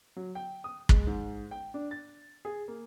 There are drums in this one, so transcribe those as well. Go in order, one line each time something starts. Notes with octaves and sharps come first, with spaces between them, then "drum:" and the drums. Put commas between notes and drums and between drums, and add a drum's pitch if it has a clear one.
F#3
G5
D#6
G#3, drum: kick
G#2
G5
D4
A6
G#4
A#3